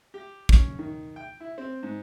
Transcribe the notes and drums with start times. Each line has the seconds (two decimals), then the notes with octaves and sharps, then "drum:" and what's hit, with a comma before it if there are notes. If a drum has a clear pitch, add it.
0.14 G4
0.49 C#4, drum: kick
0.79 D#3
1.16 G5
1.40 E4
1.58 C4
1.83 G#2